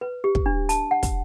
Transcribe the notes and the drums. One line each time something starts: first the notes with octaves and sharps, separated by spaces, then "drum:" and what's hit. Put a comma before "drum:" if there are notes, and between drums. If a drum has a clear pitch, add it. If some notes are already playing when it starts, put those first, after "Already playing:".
B4
G4
drum: kick
D4
A5, drum: hi-hat
F#5
drum: kick, hi-hat